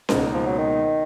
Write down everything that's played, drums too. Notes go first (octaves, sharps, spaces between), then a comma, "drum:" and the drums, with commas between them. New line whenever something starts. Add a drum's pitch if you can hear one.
C#2 G#2 B2 A#3 D#4 A#4, drum: snare C#4
F3
F#3
D#3